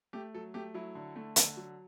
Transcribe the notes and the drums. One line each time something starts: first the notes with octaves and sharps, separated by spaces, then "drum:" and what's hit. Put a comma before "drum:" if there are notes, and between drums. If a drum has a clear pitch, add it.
A3 G4
F#3 A4
A3 G4
F#3 E4
D3
A3
D3, drum: hi-hat
F#3